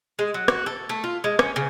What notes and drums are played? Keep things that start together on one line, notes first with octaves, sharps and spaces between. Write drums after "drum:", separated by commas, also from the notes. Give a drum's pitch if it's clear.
G#3
F#3
F#4, drum: rim click
A4
A3
F4
G#3
C#4, drum: rim click
C#3